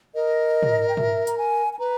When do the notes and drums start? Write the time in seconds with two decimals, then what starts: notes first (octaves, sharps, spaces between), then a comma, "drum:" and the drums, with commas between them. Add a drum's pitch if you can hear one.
0.15 A#4 D#5
0.63 drum: tom
0.89 G5
0.97 E5, drum: tom
1.27 A#5, drum: hi-hat
1.38 G#5
1.73 G#5
1.79 B4 A#5